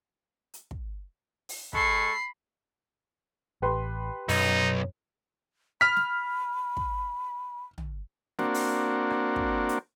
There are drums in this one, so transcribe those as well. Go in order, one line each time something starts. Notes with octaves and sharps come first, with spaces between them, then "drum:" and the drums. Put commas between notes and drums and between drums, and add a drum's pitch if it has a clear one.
drum: hi-hat
drum: kick
drum: open hi-hat
G#3 A4 B5 C#6 C7, drum: kick
A1 G4 B4 C6
B1 F#2 D#4, drum: open hi-hat
B5 F6 B6
drum: snare
drum: kick
drum: tom
A#3 C4 D4 F#4, drum: snare
drum: open hi-hat
drum: rim click
drum: kick
drum: hi-hat